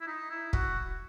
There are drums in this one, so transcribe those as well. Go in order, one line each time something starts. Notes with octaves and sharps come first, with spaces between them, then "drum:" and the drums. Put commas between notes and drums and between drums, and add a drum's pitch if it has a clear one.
E4
D#4
E4
F#4, drum: kick